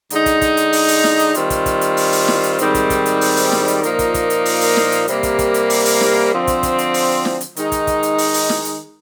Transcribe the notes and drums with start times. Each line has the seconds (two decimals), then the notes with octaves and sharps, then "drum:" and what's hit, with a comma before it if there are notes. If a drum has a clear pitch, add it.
0.10 D3 G#3 D#4, drum: hi-hat
0.26 drum: kick, hi-hat
0.41 drum: kick, hi-hat
0.57 drum: hi-hat
0.73 drum: open hi-hat
0.88 drum: open hi-hat
1.04 drum: snare
1.19 drum: hi-hat
1.35 D#3 G3 C4 F4, drum: hi-hat
1.50 drum: kick, hi-hat
1.66 drum: kick, hi-hat
1.81 drum: hi-hat
1.97 drum: open hi-hat
2.12 drum: open hi-hat
2.28 drum: snare
2.43 drum: hi-hat
2.59 G#2 D#3 G3 C4, drum: hi-hat
2.75 drum: kick, hi-hat
2.90 drum: kick, hi-hat
3.06 drum: hi-hat
3.21 drum: open hi-hat
3.37 drum: open hi-hat
3.52 drum: snare
3.68 drum: hi-hat
3.83 A#2 F3 A#3 D#4, drum: hi-hat
3.99 drum: kick, hi-hat
4.14 drum: kick, hi-hat
4.30 drum: hi-hat
4.45 drum: open hi-hat
4.61 drum: open hi-hat
4.76 drum: snare
4.92 drum: hi-hat
5.08 C3 G3 A#3, drum: hi-hat
5.23 drum: kick, hi-hat
5.39 drum: kick, hi-hat
5.54 drum: hi-hat
5.70 drum: open hi-hat
5.85 drum: open hi-hat
6.01 drum: snare
6.32 D3 F3 C4
6.47 drum: kick, hi-hat
6.63 drum: kick, hi-hat
6.78 drum: hi-hat
6.94 drum: open hi-hat
7.25 drum: snare
7.41 drum: hi-hat
7.57 D#3 G#3 D#4, drum: hi-hat
7.72 drum: kick, hi-hat
7.87 drum: kick, hi-hat
8.03 drum: hi-hat
8.18 drum: open hi-hat
8.34 drum: open hi-hat
8.49 drum: snare
8.65 drum: hi-hat